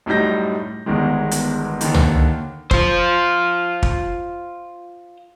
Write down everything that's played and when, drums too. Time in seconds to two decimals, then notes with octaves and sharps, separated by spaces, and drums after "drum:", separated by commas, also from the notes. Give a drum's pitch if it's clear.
0.06 F#2 A2 G3 D#4 G6 A#6
0.86 G1 E2 D#3 G#3
1.31 drum: hi-hat
1.81 D#2 D3 D#3, drum: hi-hat
1.94 drum: tom
2.71 F4 C5, drum: kick
3.83 drum: kick